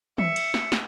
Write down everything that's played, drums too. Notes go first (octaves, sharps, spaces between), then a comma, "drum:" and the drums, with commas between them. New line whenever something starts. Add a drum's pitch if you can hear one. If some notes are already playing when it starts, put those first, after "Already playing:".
E5 C#7, drum: tom
drum: cymbal
drum: snare
drum: snare